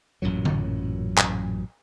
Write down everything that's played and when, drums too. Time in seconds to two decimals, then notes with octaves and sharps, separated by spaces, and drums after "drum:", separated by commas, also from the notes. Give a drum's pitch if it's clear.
0.22 A1 F#2 A#2 F#3
0.45 drum: tom D3
1.18 drum: clap